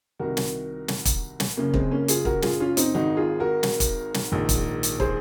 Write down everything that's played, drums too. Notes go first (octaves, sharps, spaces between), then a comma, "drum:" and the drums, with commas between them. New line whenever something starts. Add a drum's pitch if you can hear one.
C2 C3 D#3 F#4 A#4
drum: snare
drum: snare
drum: kick, hi-hat
drum: snare
F#1 F#2 C#3 A#3 C#4
G#3 C4, drum: kick
A#3 C#4
F4 G#4, drum: hi-hat
F#4 A#4, drum: kick
F4 G#4, drum: snare
C#4 F4
C4 D#4, drum: hi-hat
G#1 G#2 D#3 D#4 F#4
F4 G#4
F#4 A#4
drum: snare
drum: kick, hi-hat
drum: snare
A#1 G#2 D#3
drum: kick, hi-hat
drum: hi-hat
G#4 C5, drum: kick